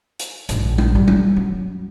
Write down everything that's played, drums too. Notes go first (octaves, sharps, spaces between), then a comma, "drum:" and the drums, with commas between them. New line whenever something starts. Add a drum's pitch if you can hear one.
drum: hi-hat
A#1 G#2, drum: hi-hat
drum: tom G3
G3
drum: tom G3
F#2